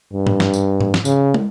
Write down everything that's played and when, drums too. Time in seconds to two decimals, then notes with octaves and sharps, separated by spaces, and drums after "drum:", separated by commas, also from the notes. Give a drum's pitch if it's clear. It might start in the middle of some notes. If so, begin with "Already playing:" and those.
0.13 G2
0.27 drum: tom G#2
0.40 drum: snare
0.54 drum: tambourine
0.81 drum: tom G#2
0.94 drum: snare
1.05 C#3, drum: tambourine
1.34 drum: tom